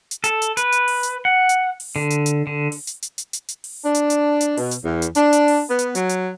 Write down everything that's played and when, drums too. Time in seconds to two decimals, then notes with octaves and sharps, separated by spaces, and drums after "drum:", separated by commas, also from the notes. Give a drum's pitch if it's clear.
0.11 drum: hi-hat
0.24 A4, drum: hi-hat
0.42 drum: hi-hat
0.57 B4, drum: hi-hat
0.72 drum: hi-hat
0.88 drum: open hi-hat
1.03 drum: hi-hat
1.25 F#5
1.49 drum: hi-hat
1.80 drum: open hi-hat
1.96 D3
2.10 drum: hi-hat
2.26 drum: hi-hat
2.47 D3
2.72 drum: open hi-hat
2.87 drum: hi-hat
3.02 drum: hi-hat
3.18 drum: hi-hat
3.33 drum: hi-hat
3.48 drum: hi-hat
3.64 drum: open hi-hat
3.84 D4
3.95 drum: hi-hat
4.10 drum: hi-hat
4.41 drum: hi-hat
4.57 B2, drum: open hi-hat
4.71 drum: hi-hat
4.84 E2
5.02 drum: hi-hat
5.15 D4, drum: hi-hat
5.33 drum: hi-hat
5.48 drum: open hi-hat
5.68 B3
5.79 drum: hi-hat
5.95 F#3, drum: hi-hat
6.09 drum: hi-hat